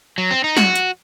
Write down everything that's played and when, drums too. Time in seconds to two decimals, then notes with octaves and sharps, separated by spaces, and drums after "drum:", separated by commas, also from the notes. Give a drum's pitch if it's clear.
0.18 F#3
0.31 C4
0.44 D#4
0.57 F#4, drum: snare
0.75 drum: hi-hat